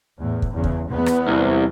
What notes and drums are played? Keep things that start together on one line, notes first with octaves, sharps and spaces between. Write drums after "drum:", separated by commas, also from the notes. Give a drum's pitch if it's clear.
E2 A2
drum: kick
E2 C#3
drum: kick
E2 B3
drum: rim click
C2